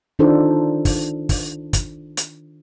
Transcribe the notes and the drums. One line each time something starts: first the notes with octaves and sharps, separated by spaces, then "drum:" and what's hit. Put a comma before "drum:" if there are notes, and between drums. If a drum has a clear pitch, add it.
D#3 D4 D#4 F4 A4 C5
drum: kick, open hi-hat
drum: kick, open hi-hat
drum: kick, hi-hat
drum: hi-hat